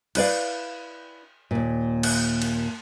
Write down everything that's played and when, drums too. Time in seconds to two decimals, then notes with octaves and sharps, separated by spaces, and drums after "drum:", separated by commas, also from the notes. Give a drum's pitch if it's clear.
0.15 E4 B4 D5 F5, drum: cymbal
1.51 D#2 A#2
2.03 drum: cymbal
2.42 drum: cymbal